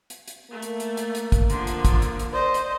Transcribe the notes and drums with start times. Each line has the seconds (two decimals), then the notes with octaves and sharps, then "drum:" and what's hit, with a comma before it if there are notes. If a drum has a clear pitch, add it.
0.10 drum: hi-hat
0.28 drum: hi-hat
0.51 A3 A#3
0.62 drum: hi-hat
0.80 drum: hi-hat
0.97 drum: hi-hat
1.15 drum: hi-hat
1.32 drum: kick, hi-hat
1.50 D3 F3 C6, drum: hi-hat
1.67 drum: hi-hat
1.85 drum: kick, hi-hat
2.02 drum: hi-hat
2.19 drum: hi-hat
2.33 C5 D5 D#5
2.54 drum: hi-hat